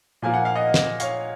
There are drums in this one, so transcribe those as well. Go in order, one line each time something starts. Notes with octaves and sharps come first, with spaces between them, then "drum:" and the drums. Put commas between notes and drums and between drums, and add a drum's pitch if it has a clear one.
A#2 F3 A#3 G#5
F#5
F5
D#5 F#5
drum: snare
C#5 F5, drum: hi-hat